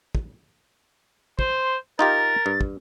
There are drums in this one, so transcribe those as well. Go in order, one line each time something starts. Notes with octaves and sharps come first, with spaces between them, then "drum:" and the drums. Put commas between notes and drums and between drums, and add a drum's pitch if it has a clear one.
drum: kick
C5 C6, drum: kick
D#4 F4 G4 A#4 A6
G2
drum: kick